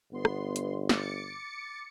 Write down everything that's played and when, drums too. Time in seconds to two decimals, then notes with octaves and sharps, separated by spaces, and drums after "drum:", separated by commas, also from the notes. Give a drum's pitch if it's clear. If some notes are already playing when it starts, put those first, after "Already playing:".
0.13 G1 B3 C6
0.25 drum: rim click
0.56 drum: hi-hat
0.89 D6 A6 C#7, drum: snare